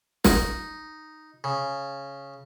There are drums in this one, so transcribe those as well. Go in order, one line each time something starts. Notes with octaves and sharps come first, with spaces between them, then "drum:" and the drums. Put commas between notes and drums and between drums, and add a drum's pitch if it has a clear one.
D#4, drum: snare
C#3